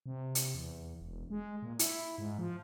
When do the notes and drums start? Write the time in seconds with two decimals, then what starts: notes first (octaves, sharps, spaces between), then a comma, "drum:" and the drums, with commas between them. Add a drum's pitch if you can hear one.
0.06 C3
0.35 drum: hi-hat
0.54 E2
1.01 E1
1.30 G#3
1.62 A#2
1.79 E4, drum: hi-hat
2.18 G#2
2.39 F3